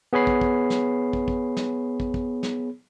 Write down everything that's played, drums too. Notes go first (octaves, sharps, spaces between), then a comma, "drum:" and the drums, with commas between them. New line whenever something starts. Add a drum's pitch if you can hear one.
B3 G#4 C#5 B5 C7
drum: kick
drum: kick
drum: snare
drum: kick
drum: kick
drum: snare
drum: kick
drum: kick
drum: snare